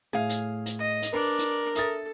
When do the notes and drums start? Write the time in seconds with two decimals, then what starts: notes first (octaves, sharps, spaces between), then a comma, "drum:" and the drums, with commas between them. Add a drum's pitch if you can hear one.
0.13 A2 G#4 F5
0.29 drum: hi-hat
0.66 drum: hi-hat
0.79 D#5
1.02 drum: hi-hat
1.13 D4 A#4 B4 D5
1.39 drum: hi-hat
1.75 A4 E5 D#6 A6, drum: hi-hat